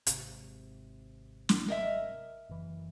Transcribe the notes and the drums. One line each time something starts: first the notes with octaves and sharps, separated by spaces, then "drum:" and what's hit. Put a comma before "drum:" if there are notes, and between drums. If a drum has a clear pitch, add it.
G#1 C3, drum: hi-hat
drum: snare
A#4 D#5 E5
F#1 E3